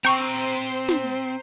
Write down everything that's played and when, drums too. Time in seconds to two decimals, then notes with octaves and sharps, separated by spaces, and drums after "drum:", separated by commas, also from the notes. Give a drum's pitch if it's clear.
0.05 C4 C5 G5 A#5 C#6
0.89 drum: snare